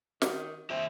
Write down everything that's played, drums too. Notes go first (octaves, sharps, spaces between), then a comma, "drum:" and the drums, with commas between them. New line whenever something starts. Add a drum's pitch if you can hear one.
D#3, drum: snare
C4 G4 D#5 E5